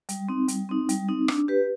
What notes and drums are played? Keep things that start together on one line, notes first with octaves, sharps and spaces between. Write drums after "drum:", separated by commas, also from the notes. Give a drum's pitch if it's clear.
G3, drum: hi-hat
C4 D#4
G3, drum: hi-hat
C4 D#4
G3, drum: hi-hat
C4 D#4
D4, drum: rim click
G4 B4